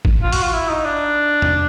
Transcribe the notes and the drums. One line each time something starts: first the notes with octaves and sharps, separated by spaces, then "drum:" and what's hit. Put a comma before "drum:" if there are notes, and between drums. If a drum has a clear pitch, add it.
drum: kick G#1
F4
F#4, drum: open hi-hat
F4
E4
D#4
D4
drum: tom E2